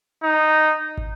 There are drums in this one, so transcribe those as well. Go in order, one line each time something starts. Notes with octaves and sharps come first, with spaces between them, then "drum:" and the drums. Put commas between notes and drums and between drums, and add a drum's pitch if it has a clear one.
D#4
drum: kick